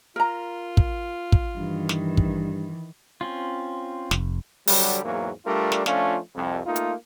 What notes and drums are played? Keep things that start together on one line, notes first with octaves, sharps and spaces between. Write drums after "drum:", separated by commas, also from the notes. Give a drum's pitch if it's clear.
F4 A#4 A#5
drum: kick
drum: kick
G2 D#3 E3
drum: snare
drum: kick
C4 C#4 F4
F1, drum: snare
D3 F#3 G3, drum: open hi-hat
E2 G#2 F#3 A#3
G3 A3 D4 F4 A#4
drum: snare
F3 A3 C#4 D4 F4, drum: snare
C2 F2
A3 A#3 D#4 F4
drum: hi-hat